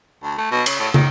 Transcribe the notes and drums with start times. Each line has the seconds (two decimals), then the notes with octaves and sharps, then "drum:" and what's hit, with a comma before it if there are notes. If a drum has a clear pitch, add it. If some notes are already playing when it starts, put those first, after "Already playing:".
0.23 D2
0.38 A3
0.51 B2
0.66 C#3, drum: cymbal
0.79 A2
0.94 D#3, drum: tom